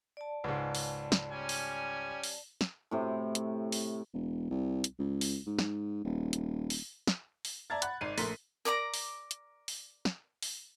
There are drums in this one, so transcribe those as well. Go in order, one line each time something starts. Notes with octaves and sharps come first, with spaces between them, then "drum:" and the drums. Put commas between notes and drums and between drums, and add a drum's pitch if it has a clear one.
D5 A5
C#2 G#2
drum: open hi-hat
drum: snare
G3 C#4 G#5
drum: open hi-hat
drum: open hi-hat
drum: snare
A2 C3
drum: hi-hat
drum: open hi-hat
E1
C2
drum: hi-hat
C#2
drum: open hi-hat
G#2
drum: snare
D#1
drum: hi-hat
drum: open hi-hat
drum: snare
drum: open hi-hat
D5 E5 A5 A#5 G#6 A6
F#5 B5 F#6, drum: hi-hat
G#1 D5 C7 D#7
A#1 A3 A#4 C6 B6, drum: open hi-hat
A#4 D5 A#5 D6
drum: open hi-hat
drum: hi-hat
drum: open hi-hat
drum: snare
drum: open hi-hat